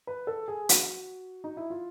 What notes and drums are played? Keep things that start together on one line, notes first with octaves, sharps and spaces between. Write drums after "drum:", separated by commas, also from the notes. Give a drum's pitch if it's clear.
B4
A4
G#4
F#4, drum: hi-hat
D#4
E4
F4